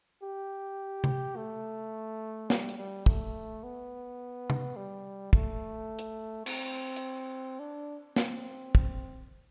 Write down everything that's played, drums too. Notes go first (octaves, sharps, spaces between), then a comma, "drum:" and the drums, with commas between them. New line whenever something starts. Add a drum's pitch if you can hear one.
G4
drum: tom C3
A3
G3, drum: snare
drum: hi-hat
G3
A3, drum: kick
B3
drum: tom C3
G3
A3, drum: kick
drum: hi-hat
C4, drum: cymbal
drum: hi-hat
D4
C4, drum: snare
drum: kick